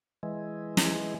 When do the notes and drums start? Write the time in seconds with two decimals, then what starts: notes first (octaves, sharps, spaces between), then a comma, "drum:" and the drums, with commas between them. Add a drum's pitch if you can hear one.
0.23 E3 G#3
0.77 drum: snare